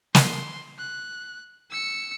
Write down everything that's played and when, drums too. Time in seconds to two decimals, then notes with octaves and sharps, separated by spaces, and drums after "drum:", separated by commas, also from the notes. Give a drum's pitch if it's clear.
0.15 C6, drum: snare
0.79 F#6
1.71 E6 C#7